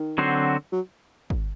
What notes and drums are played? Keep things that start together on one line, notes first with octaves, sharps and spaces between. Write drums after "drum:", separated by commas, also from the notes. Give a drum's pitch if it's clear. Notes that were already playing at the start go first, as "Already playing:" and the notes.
Already playing: D#3
D3 F#3 C4 F#4 C5
F#3
drum: kick